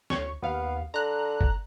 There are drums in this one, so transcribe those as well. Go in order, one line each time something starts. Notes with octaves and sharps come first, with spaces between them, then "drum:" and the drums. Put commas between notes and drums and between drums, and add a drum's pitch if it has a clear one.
D2 C#5 C#6, drum: snare
D#2 B3 F5
D3 A#5 F#6
drum: kick F#1